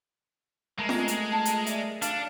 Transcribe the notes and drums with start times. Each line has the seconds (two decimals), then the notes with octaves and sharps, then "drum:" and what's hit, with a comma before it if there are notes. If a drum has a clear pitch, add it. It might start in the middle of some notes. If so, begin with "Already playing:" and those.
0.79 G#3 A3 A#4
0.89 drum: snare F4
1.08 drum: hi-hat
1.32 F4 G#4 A5
1.45 drum: hi-hat
1.66 D5 E5, drum: hi-hat
2.02 D4 A4 F5, drum: hi-hat